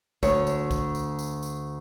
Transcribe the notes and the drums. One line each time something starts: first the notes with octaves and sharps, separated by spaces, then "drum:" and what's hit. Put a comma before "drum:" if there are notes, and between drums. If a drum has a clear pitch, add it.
D2 C#5, drum: kick, tambourine
drum: tambourine
drum: kick, tambourine
drum: tambourine
drum: tambourine
drum: tambourine